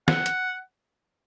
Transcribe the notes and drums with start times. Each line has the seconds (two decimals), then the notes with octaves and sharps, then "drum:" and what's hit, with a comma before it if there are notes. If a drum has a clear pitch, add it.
0.08 F#5, drum: snare
0.26 drum: hi-hat